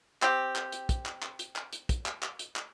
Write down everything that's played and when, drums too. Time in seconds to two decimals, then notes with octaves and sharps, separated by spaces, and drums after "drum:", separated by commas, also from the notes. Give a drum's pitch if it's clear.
0.22 C4 G4, drum: clap
0.56 drum: clap
0.72 drum: hi-hat
0.89 drum: kick, hi-hat
1.06 drum: clap
1.22 drum: clap
1.39 drum: hi-hat
1.56 drum: clap
1.73 drum: hi-hat
1.89 drum: kick, hi-hat
2.06 drum: clap
2.23 drum: clap
2.39 drum: hi-hat
2.56 drum: clap